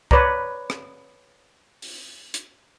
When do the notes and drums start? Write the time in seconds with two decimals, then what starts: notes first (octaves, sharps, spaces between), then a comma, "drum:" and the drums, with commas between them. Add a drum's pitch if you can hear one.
0.11 B4 C#5 D5 A#5, drum: kick C2
0.70 drum: rim click
1.82 drum: open hi-hat
2.34 drum: hi-hat